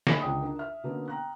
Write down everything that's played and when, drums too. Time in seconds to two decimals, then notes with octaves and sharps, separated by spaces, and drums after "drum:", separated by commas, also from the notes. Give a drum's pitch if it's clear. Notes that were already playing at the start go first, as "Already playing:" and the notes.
0.07 G#4 C#5 D#5 E5 G#5 B5, drum: snare
0.21 C#2 D3 G#4 D5 G5 D#6
0.42 D4 D#4 A#4
0.59 E5 F6
0.84 B2 D3 A#3 B3 C#4 D4
1.08 G5 A#5 F#6